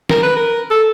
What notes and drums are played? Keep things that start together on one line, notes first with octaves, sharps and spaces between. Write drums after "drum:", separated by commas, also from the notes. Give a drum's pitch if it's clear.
A#4, drum: snare
B4
A#4
A4